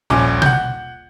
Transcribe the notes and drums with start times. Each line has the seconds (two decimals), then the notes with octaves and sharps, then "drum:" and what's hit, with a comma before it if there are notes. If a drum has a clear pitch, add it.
0.10 D#1 A#1 C#4 D6
0.42 F#5 G6, drum: tom B2